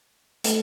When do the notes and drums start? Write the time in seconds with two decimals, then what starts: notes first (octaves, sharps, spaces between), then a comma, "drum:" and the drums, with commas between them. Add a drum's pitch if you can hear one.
0.44 A3 A4, drum: hi-hat